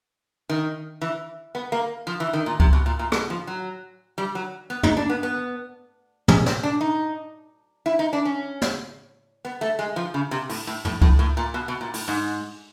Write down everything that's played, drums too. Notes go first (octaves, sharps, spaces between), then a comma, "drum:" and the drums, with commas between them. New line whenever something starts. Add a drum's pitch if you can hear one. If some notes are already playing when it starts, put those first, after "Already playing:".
D#3
E3
B3
A#3
F3
E3
D#3
A#2
C3, drum: kick C#2
B2
A#2
A#2
B2, drum: rim click
F3
F#3
G3
F#3
B3
D#4, drum: tom
D4
B3
B3
C#4, drum: tom
C4, drum: snare
D4
D#4
E4
D#4
D4
C#4
drum: snare
B3
A3
G#3
F3
C#3
C3
A2, drum: open hi-hat
A2
A2, drum: tom
A2, drum: kick C#2
A2
A#2
B2
B2
A#2
A2, drum: open hi-hat
G#2